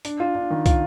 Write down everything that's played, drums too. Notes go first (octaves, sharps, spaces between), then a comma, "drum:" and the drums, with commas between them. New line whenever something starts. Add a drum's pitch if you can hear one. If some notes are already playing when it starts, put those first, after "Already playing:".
D4, drum: hi-hat
F4
D4
D#3
F4, drum: kick, hi-hat